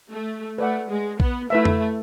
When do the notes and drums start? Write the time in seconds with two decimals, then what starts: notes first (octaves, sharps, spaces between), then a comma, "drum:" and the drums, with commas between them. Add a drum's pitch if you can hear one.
0.12 A3
0.58 A3 B4 D5 F#5
0.90 G#3
1.20 B3, drum: kick A#1
1.50 A3 E4 B4 E5
1.65 drum: tom F2